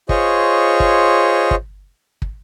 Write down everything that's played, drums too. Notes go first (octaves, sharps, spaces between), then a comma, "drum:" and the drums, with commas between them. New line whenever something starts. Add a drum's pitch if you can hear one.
F4 G#4 C5 C#5 D#5 C#6, drum: kick
drum: kick
drum: kick
drum: kick